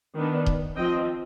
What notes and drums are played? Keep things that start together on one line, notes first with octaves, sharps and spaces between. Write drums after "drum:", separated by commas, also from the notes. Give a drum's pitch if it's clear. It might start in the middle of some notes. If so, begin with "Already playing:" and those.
D#3 B3 D4
drum: kick D#1
F3 C4 D#5 G5